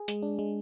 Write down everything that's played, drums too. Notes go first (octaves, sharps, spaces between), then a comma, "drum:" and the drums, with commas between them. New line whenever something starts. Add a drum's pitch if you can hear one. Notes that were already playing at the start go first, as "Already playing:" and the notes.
Already playing: G#4
G#3, drum: hi-hat
D4
G#3